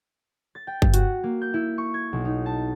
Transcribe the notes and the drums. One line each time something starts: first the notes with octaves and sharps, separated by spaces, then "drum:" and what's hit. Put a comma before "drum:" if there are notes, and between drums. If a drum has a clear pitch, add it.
A6
G5
G2, drum: kick
F#4, drum: hi-hat
A#3
G6
E4
C#6
G#6
B1
D#4
A5